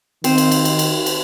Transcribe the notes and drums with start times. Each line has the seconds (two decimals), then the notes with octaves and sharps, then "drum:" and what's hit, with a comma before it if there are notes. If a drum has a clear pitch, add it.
0.24 D#3 C4, drum: cymbal
0.38 drum: cymbal
0.52 drum: cymbal
0.65 drum: cymbal
0.79 drum: cymbal
1.06 drum: cymbal